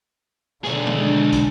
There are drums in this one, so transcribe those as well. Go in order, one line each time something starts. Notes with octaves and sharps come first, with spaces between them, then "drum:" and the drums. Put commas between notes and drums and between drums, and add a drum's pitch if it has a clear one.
B1 D3 G#4, drum: snare
drum: tom D#3
G#3 D4
drum: kick, hi-hat